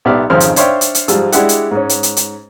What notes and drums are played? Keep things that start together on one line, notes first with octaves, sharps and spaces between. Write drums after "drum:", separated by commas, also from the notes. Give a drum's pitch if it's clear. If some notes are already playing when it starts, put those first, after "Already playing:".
B1 B3 G4 D5 E5 F6
G#1 F2 C#3 C4 C5 F6
drum: hi-hat
D4 C5 C#5 E5 F5 G5, drum: hi-hat
drum: hi-hat
drum: hi-hat
G#2 F3 G3 G#3 F4 E6, drum: hi-hat
G#3 D4 E4 G4 F#5, drum: hi-hat
drum: hi-hat
G#2 C#4
drum: hi-hat
drum: hi-hat
drum: hi-hat